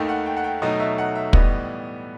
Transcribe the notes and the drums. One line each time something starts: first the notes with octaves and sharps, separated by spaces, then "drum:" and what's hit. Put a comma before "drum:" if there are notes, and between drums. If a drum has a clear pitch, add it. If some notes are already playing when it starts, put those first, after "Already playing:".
Already playing: D#2 D#3 A3 D#4 G5
F#5
G5
F#5
G5
B2 F#3 A3 D#4 D#5
E5
F#5
E5
A2 E3 G3 B3 D#5, drum: kick